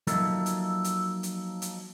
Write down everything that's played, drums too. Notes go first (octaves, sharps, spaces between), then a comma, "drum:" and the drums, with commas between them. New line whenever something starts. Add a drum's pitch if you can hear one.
F3 F#3 A#3 D#4 A4 E5, drum: hi-hat
drum: hi-hat
drum: hi-hat
drum: hi-hat
drum: hi-hat